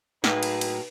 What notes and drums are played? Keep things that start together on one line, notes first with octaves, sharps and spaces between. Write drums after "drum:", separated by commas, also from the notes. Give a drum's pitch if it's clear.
A2 F#3 A#3 D#4 G#4 B4, drum: snare
drum: cymbal
drum: cymbal